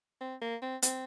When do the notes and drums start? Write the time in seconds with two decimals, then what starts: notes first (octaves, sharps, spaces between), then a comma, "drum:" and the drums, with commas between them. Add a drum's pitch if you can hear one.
0.21 C4
0.42 A#3
0.62 C4
0.82 C4, drum: hi-hat